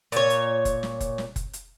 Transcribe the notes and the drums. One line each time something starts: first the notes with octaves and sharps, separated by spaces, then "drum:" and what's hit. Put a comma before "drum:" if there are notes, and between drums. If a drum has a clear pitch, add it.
A#2 C#5, drum: hi-hat
drum: hi-hat
drum: kick, hi-hat
drum: snare
drum: kick, hi-hat
drum: snare
drum: kick, hi-hat
drum: hi-hat